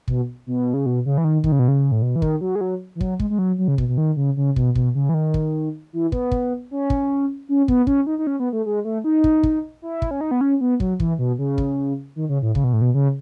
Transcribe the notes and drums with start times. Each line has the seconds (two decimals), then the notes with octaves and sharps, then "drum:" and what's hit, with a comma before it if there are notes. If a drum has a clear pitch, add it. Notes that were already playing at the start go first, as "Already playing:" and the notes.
0.08 B2, drum: kick
0.47 B2
0.74 C#3
0.86 B2
1.06 C#3
1.18 E3
1.24 D#3
1.44 D#3, drum: kick
1.52 C#3
1.59 B2
1.68 C#3
1.92 A2
2.02 B2
2.16 E3
2.22 D#3, drum: kick
2.41 F#3
2.55 G#3
2.61 F#3
2.95 E3
3.01 F#3, drum: kick
3.20 G#3, drum: kick
3.30 G#3
3.38 F#3
3.58 F#3
3.68 C#3
3.78 B2, drum: kick
3.88 B2
3.98 D#3
4.17 C#3
4.37 C#3
4.56 B2, drum: kick
4.75 B2, drum: kick
4.95 C#3
5.09 E3
5.14 D#3
5.34 drum: kick
5.93 E3
6.12 B3, drum: kick
6.31 drum: kick
6.71 C#4
6.90 drum: kick
7.49 C#4
7.68 B3, drum: kick
7.87 C#4, drum: kick
8.07 D#4
8.19 D#4
8.27 C#4
8.40 B3
8.53 A3
8.66 G#3
8.85 A3
9.04 D#4
9.24 drum: kick
9.43 drum: kick
9.82 E4
10.02 drum: kick
10.11 C#4
10.21 D#4
10.31 B3
10.41 C#4
10.61 B3
10.80 F#3, drum: kick
11.00 E3, drum: kick
11.19 B2
11.39 C#3
11.58 drum: kick
12.16 D#3
12.29 C#3
12.42 A2
12.55 C#3, drum: kick
12.64 B2
12.73 A2
12.81 B2
12.94 C#3